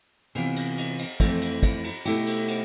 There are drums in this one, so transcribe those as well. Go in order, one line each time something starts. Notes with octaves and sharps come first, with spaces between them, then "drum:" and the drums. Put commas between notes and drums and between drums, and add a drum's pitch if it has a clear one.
C3 E3 B3 F4, drum: cymbal
drum: cymbal
drum: cymbal
drum: cymbal
F2 E3 A3 C4 E4, drum: kick, cymbal
drum: cymbal
drum: kick, cymbal
drum: cymbal
B2 A3 E4 G4, drum: cymbal
drum: cymbal
drum: cymbal